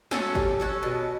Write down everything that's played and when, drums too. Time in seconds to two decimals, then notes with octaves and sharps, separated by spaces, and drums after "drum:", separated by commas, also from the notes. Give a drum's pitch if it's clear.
0.11 C#4 F#4 A4, drum: snare
0.35 G3, drum: kick
0.60 C#4 F#4 A4
0.83 B2